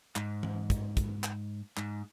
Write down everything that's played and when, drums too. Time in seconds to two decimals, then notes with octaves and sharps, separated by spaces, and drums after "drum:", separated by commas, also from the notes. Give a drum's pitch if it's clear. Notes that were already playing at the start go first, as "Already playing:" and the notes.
0.16 G#2, drum: clap
0.43 drum: tom
0.70 drum: kick, hi-hat
0.97 drum: kick, hi-hat
1.24 drum: clap
1.77 G#2, drum: clap